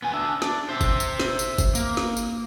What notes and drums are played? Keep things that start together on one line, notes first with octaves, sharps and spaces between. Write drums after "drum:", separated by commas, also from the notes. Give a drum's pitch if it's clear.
B3 G#5
D4 E5
D4, drum: snare
C5 E5
drum: kick, tambourine
drum: tambourine
drum: snare
drum: tambourine
drum: kick, tambourine
A#3, drum: tambourine
drum: snare
drum: tambourine